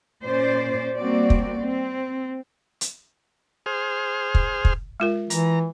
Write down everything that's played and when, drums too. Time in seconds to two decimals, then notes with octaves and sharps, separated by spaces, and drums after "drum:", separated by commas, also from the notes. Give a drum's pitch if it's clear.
0.25 A#2 C#4 C5 D5
0.96 G3 A#3 C4 F#4 D5
1.30 drum: kick
1.61 C4
2.81 drum: hi-hat
3.66 G#4 C5 F6
4.35 drum: kick
4.65 drum: kick
5.00 G#3 F4 A#4
5.30 E3 A#5, drum: hi-hat